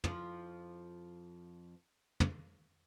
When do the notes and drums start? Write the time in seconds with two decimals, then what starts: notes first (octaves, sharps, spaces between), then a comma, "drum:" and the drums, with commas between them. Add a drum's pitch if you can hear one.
0.04 F2 F3 F4, drum: tom
2.20 drum: tom